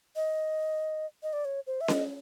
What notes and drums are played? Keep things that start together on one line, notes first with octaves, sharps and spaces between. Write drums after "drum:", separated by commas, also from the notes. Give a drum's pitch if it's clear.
D#5
D#5
D5
C#5
C5
E5
D#5, drum: snare C#4